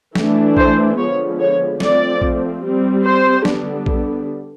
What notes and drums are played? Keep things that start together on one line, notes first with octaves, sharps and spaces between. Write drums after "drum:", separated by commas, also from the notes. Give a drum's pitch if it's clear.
E3 A3 D4, drum: snare
C5, drum: kick A#1
D3 F3 G#3 B3 C#5
C#5
F3 A3 C4 D5, drum: snare
drum: kick A#1
G3 C4
C5
D3 G3 B3 D4, drum: snare
drum: kick A#1